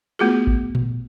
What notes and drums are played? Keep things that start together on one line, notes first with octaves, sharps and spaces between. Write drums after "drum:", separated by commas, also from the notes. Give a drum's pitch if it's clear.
A3 B3 F4 F#4 G#4
drum: kick G#1
drum: tom A#2